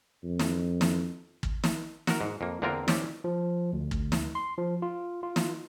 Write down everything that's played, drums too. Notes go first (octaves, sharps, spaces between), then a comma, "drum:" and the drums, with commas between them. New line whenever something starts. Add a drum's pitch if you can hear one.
F2
drum: snare
drum: snare
drum: kick
drum: snare
F#4 A#4, drum: snare
G#2
F2 A#3
E2 D3 A#3 C4 F4 A#4
C4 C#4 G4 D5, drum: snare
F3
D2
drum: kick
drum: snare
C6
F3
F4
F4
drum: snare